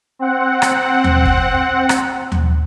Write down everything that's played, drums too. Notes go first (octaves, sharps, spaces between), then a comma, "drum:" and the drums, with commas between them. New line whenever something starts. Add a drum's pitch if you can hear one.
C4 F#5
drum: rim click
drum: tom D#2
drum: kick
drum: rim click
drum: tom D#2